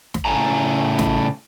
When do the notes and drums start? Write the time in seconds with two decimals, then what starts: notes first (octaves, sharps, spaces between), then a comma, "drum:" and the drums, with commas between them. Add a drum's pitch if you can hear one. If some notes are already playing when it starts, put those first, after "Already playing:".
0.14 drum: snare
0.25 A2 C#3 A3 G#5 A#5
0.99 drum: snare